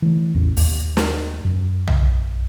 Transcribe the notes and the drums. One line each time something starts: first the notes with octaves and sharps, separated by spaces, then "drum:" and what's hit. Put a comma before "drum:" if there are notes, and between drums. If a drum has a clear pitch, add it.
E3 A3
A1 E2
D#2, drum: open hi-hat
drum: snare
F#2
drum: tom